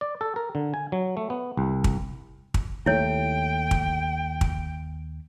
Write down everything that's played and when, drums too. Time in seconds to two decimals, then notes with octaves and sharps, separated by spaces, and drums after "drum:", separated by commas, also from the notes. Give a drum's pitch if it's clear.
0.01 D5
0.21 A4
0.36 A#4
0.55 D3
0.74 G#5
0.92 F#3
1.17 A3
1.30 B3
1.57 C2
1.84 drum: kick
2.54 drum: kick
2.86 D#2 A3 E4 C#5 G5
3.71 drum: kick
4.41 drum: kick